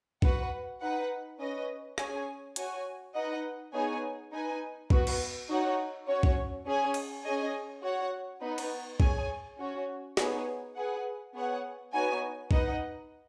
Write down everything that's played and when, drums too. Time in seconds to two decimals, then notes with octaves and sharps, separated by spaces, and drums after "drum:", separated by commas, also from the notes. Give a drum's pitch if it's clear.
0.22 F#4 B4 F#5, drum: kick
0.81 D#4 B4 F#5
1.39 C#4 B4 D#5
1.98 C#4 G#4 C#5 G#5, drum: rim click
2.56 F#4 C#5 G#5, drum: hi-hat
3.14 D#4 B4 D#5 F#5
3.73 B3 D#4 G#4 C#5 G#5
4.32 D#4 B4 G#5
4.90 B3 F#4 B4, drum: kick
5.07 drum: cymbal
5.49 D#4 F#4 C#5 F#5
6.07 C#4 F#4 C#5
6.23 drum: kick
6.65 C#4 G#4 C#5 G#5
6.94 drum: cymbal
7.25 C#4 G#4 D#5 G#5
7.82 F#4 C#5 F#5
8.41 B3 D#4 B4
8.58 drum: cymbal
9.00 G#4 C#5 G#5, drum: kick
9.58 C#4 F#4 C#5
10.17 B3 D#4 G#4 C#5, drum: snare
10.75 G#4 B4 F#5
11.34 B3 G#4 C#5 F#5
11.92 B3 D#4 F#4 C#5 G#5
12.51 D#4 B4 D#5 F#5, drum: kick